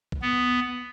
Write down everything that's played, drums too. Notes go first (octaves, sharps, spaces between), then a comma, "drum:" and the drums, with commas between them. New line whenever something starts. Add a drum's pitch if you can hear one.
drum: kick A#1
B3